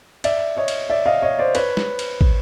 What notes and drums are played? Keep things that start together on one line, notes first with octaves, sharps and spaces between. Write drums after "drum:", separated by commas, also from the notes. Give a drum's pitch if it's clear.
D5 E5, drum: cymbal
C#5 D#5
drum: cymbal
D5 E5
D#5 F5
C#5 D#5
C5 D5
B4 C#5, drum: cymbal
drum: snare
drum: cymbal
drum: kick